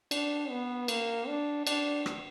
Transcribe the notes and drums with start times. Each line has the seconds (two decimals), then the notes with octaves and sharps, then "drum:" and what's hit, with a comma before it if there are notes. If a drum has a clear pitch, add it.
0.11 D4, drum: cymbal
0.50 B3
0.88 A#3, drum: cymbal
1.28 D4
1.67 D4, drum: cymbal
2.06 drum: rim click